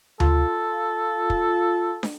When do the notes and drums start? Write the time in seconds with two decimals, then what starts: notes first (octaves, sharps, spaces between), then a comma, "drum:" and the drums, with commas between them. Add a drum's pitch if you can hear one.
0.20 F4 A4, drum: tom D2
1.30 drum: kick
2.03 drum: snare